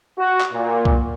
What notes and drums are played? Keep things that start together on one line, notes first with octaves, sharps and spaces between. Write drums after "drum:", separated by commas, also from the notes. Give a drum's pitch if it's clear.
F#4
drum: clap
A#2
drum: kick B1